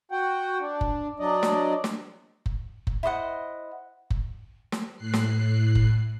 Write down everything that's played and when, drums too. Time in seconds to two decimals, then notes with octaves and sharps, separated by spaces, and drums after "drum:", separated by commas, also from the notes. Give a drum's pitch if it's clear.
0.12 F#4 F#5 G5
0.60 D4
0.81 drum: kick F#1
1.20 F#3 D4 D5 D#5
1.43 drum: snare
1.84 drum: snare
2.46 drum: kick F#1
2.87 drum: kick F#1
3.03 E4 C5 D#5 F#5
4.10 drum: kick F#1
4.72 drum: snare
4.96 A2 F#6 C7
5.13 drum: snare
5.75 drum: kick F#1